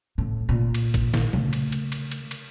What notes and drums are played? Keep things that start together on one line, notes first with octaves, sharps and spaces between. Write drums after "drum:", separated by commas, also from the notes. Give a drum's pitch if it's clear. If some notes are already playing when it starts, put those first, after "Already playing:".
A2
A#2
drum: cymbal
drum: kick G#1, cymbal
drum: snare
C#3 A3, drum: tom F3
drum: cymbal
drum: cymbal
drum: cymbal
drum: cymbal
drum: cymbal